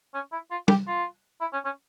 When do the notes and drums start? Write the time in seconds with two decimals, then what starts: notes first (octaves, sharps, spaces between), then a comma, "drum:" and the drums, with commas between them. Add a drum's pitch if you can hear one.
0.14 C#4
0.32 E4
0.51 F4
0.68 G4, drum: tom
0.87 F4
1.41 E4
1.53 C#4
1.65 C#4